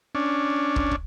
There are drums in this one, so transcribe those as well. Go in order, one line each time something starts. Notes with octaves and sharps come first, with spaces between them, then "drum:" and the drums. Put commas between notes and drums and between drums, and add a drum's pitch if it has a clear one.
C#4 D4
drum: kick
drum: kick